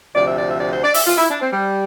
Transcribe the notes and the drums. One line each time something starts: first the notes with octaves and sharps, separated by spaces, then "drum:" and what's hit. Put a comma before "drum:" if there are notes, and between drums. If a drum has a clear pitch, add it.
D2 C3 F3 D5
E5
D5
E5
D5
C5
D5
E5, drum: open hi-hat
F4
E4
D4
C4
G3